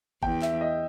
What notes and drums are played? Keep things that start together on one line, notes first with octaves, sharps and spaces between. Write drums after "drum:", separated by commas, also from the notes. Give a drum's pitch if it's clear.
E2 G5, drum: kick G#1
E5, drum: clap
D#5